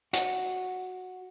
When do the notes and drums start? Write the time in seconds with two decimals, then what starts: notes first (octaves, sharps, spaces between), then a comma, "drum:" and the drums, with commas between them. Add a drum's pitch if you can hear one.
0.13 F#4, drum: hi-hat